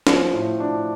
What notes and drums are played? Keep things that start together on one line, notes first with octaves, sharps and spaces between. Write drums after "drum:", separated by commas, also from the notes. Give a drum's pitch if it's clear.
F3, drum: snare
A2
D4